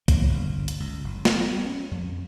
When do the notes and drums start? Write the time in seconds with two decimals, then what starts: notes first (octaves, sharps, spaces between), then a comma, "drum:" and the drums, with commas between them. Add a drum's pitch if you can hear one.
0.08 A#3, drum: kick, hi-hat
0.29 G1
0.68 drum: hi-hat
0.80 C#2
1.04 F#1
1.25 B3, drum: snare
1.51 G3
1.66 C#4
1.91 F2